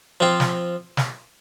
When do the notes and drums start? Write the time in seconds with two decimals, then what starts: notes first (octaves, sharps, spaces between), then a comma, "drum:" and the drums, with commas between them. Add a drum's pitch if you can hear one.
0.20 F3 C4 F4
0.40 drum: snare
0.97 drum: snare